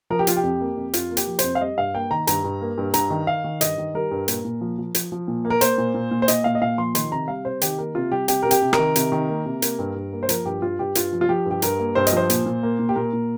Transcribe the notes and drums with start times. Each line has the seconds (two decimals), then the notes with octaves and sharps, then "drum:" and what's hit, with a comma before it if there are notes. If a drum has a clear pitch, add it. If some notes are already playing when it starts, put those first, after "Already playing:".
0.10 F3 A#4
0.19 G4
0.27 F3 F4, drum: hi-hat
0.36 G4
0.43 F2
0.61 A#3
0.77 F2
0.94 F2 F4, drum: hi-hat
1.11 A#3
1.17 G4, drum: hi-hat
1.27 F3
1.39 C5, drum: hi-hat
1.44 F2
1.55 F5
1.60 G3 D#5
1.78 G2 F5
1.94 A#3 G5
2.11 D#3 A#5
2.27 G2 A#5, drum: hi-hat
2.44 G2
2.61 A#3
2.78 G2
2.94 G2 A#5, drum: hi-hat
3.10 D#3
3.27 D#3 F5
3.44 D#3
3.61 G2 D#5, drum: hi-hat
3.78 D#3
3.94 G3 A#4
4.11 G2
4.28 A#2 A#4, drum: hi-hat
4.45 A#2
4.61 F3
4.78 F3
4.95 F3, drum: hi-hat
5.12 F3
5.28 A#2
5.45 A#3
5.50 A#4
5.61 A#3 C5, drum: hi-hat
5.78 A#2
5.94 A#2
6.11 A#2
6.22 C5
6.28 A#2 D#5, drum: hi-hat
6.44 A#2 F5
6.55 D#5
6.62 A#2 F5
6.78 F3 C6
6.95 D#3 C6, drum: hi-hat
7.12 C3 A#5
7.28 G3 F5
7.45 C3 C5
7.62 D#3 G4, drum: hi-hat
7.78 A#3 A#4
7.95 C3 F4
8.12 G3 G4
8.28 C3 G4, drum: hi-hat
8.43 C3 A#4
8.51 G4, drum: hi-hat
8.62 C3
8.73 A#4, drum: rim click
8.79 D#3
8.96 C3, drum: hi-hat
9.12 D#3
9.29 A#3
9.46 C3
9.62 A#3, drum: hi-hat
9.79 G2
9.95 G2
10.13 A#3
10.23 C5
10.29 F3 A#4, drum: hi-hat
10.45 G2 G4
10.62 G2 F4
10.79 G2 G4
10.95 G2 F4, drum: hi-hat
11.13 F3
11.21 F4
11.29 F3 G4
11.46 G2 G4
11.62 G2 A#4, drum: hi-hat
11.79 A#3
11.95 G2 C5
12.07 D#5, drum: hi-hat
12.12 F3 C5
12.30 A#2, drum: hi-hat
12.46 A#2
12.63 A#3
12.79 A#2
12.89 G4
12.96 A#2 A#4
13.13 A#2